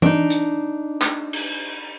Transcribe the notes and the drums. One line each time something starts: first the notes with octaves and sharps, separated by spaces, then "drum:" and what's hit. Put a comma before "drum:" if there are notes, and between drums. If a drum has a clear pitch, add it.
D4 D#4, drum: tom E3
drum: hi-hat
drum: clap
drum: cymbal